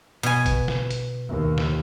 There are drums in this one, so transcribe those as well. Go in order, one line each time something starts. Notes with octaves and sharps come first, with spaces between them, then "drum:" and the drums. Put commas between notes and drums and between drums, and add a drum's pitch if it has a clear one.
B2 G#5
drum: kick G1, hi-hat
drum: snare
drum: hi-hat
D#2
drum: snare